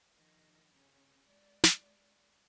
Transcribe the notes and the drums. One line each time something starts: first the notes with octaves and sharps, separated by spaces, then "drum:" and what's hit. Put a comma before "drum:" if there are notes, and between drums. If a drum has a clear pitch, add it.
D#3 F3
C#3 C#4
G#3 D5
drum: snare